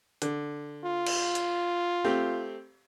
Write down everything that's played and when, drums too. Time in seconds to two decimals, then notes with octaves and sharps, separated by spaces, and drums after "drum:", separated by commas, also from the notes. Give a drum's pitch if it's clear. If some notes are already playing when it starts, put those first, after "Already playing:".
0.22 D3, drum: hi-hat
0.85 F4
1.07 drum: cymbal
1.35 drum: hi-hat
2.04 A3 C4 G4